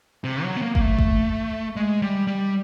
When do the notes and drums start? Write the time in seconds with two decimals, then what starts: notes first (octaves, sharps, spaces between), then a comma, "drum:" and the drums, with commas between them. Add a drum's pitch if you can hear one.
0.24 C3
0.43 F#3
0.56 B3
0.62 A#3
0.75 A#3, drum: kick G1
0.81 A3
0.98 drum: kick G1
1.76 G#3
2.02 G3
2.27 G3